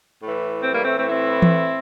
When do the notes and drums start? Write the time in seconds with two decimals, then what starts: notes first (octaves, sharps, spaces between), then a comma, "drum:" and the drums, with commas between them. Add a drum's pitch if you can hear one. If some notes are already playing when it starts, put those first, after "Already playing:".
0.23 A2 E3
0.62 C4
0.72 G3 A#3
0.84 A3 C4
0.97 A3 C4
1.09 C4 E4
1.42 drum: tom E3